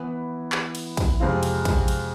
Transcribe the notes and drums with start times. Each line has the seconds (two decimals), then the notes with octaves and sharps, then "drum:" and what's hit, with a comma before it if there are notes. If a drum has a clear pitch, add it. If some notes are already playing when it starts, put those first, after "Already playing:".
Already playing: E3 B3 E4
0.52 drum: clap
0.75 drum: cymbal
0.97 drum: kick, cymbal
1.20 F2 C3 G#3 C4 F4
1.43 drum: cymbal
1.65 drum: kick, cymbal
1.88 drum: cymbal